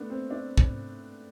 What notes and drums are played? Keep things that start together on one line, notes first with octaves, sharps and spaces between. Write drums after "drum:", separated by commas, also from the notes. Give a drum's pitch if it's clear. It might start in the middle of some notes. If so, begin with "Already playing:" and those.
Already playing: A3 B3 D4
C4
D4
drum: kick